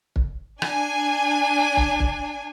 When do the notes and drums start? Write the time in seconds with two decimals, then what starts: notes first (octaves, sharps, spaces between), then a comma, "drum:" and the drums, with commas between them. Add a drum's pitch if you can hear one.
0.16 drum: kick
0.62 D4 G#5, drum: rim click
1.77 drum: kick
2.00 drum: kick